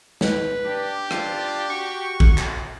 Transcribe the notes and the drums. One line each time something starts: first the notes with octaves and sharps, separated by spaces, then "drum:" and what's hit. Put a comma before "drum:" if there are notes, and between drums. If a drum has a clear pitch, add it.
B4, drum: snare
D4 G4
D4 F4, drum: rim click
F#4 C#6
drum: kick
drum: clap